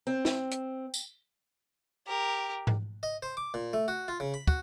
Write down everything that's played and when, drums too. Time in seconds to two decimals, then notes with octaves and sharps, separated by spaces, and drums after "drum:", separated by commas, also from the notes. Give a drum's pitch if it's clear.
0.07 C4
0.25 drum: snare
0.51 drum: hi-hat
0.94 drum: tambourine
2.06 G4 A#4
2.67 drum: tom G#2
3.03 D#5
3.22 C5
3.37 D6
3.54 A#2
3.73 A3
3.88 F#4
4.08 F4
4.20 C#3
4.34 B5
4.48 F#4, drum: kick